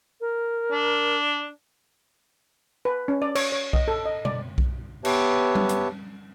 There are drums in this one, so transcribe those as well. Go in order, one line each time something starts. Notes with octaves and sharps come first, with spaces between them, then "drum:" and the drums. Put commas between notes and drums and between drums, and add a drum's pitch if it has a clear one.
A#4
D4
B4
C#4
D5
C#5, drum: cymbal
C#5
D#5, drum: kick B1
A4
D#5
D5, drum: tom B2
drum: kick B1
B3 G4 B4 C#5 E5 A5, drum: cymbal
drum: tom G3
drum: hi-hat